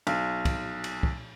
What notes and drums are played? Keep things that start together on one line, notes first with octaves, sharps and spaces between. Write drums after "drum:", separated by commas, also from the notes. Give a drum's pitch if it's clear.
B1, drum: cymbal
drum: kick, cymbal
drum: cymbal
drum: kick